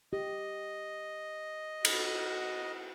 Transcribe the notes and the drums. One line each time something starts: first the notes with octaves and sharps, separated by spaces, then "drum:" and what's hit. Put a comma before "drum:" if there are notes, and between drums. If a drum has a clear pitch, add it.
G4 D#5
F#4, drum: cymbal